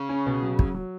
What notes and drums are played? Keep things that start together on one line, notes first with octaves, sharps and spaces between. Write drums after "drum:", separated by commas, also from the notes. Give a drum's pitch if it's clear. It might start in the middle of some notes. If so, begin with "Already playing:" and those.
Already playing: C#3
C#4
B2
F#3
F#3, drum: kick
F#3